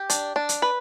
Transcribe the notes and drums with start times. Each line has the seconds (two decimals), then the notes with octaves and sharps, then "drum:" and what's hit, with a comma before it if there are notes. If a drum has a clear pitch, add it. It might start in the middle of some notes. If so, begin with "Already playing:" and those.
Already playing: G4
0.10 D4, drum: hi-hat
0.36 D4
0.49 drum: hi-hat
0.62 B4